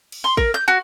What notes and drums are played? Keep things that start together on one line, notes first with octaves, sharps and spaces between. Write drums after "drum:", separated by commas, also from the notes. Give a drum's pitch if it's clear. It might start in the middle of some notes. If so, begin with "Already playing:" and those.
drum: cymbal
C6
A#4, drum: kick A1
G6
F#4